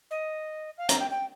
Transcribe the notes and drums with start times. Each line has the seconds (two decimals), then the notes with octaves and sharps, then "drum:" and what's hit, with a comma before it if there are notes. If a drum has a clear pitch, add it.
0.11 D#5
0.78 F5
0.89 A#5, drum: hi-hat
0.99 G5
1.10 G5